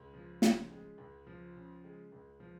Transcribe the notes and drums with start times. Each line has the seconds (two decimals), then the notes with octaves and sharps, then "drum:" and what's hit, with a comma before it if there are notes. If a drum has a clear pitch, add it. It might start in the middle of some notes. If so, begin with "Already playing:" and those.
Already playing: C#2 G#3
0.14 F3
0.42 C#3, drum: snare
0.71 G#3
0.98 C#2
1.27 F3
1.55 C#3
1.84 G#3
2.12 C#2
2.40 F3